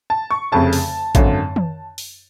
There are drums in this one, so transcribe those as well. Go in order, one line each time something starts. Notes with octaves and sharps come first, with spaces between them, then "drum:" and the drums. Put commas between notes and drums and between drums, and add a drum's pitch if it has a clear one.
A5
C#6
F1 F2 C#3 A5
drum: open hi-hat
G#1 F#2 D3, drum: kick A1, hi-hat
drum: tom D#3
drum: open hi-hat